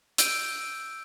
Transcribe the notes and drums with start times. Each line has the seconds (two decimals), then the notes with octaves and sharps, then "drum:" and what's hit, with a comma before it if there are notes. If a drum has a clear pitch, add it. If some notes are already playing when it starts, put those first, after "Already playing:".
0.18 E6 G6 D7 D#7, drum: hi-hat